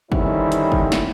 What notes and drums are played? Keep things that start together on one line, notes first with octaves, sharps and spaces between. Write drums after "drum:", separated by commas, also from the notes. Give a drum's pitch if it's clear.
D3 D#3 G3 C4 C#4 E4, drum: kick
drum: hi-hat
drum: kick
drum: snare